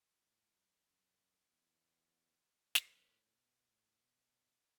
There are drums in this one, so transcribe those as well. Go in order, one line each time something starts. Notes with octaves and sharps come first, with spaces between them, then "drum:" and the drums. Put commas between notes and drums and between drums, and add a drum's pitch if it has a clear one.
A2
F#2
F#2
E2
F#2, drum: snare
A2
B2
A2
B2